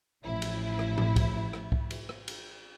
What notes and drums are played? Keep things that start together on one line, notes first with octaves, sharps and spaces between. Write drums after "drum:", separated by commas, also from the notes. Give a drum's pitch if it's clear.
A1 F3 E4
drum: cymbal
drum: rim click
drum: tom A2
drum: kick C2, cymbal
drum: rim click
drum: kick C2
drum: cymbal
drum: rim click
drum: cymbal